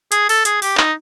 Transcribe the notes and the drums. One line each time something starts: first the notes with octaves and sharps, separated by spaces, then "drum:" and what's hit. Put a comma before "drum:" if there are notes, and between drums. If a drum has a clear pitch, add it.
G#4, drum: hi-hat
A4, drum: open hi-hat
G#4, drum: hi-hat
G4, drum: open hi-hat
D#4, drum: clap